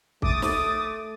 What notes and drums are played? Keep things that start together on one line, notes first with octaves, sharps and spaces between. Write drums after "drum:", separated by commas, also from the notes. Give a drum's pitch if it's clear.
A3 D6 D#6 A6, drum: kick
drum: snare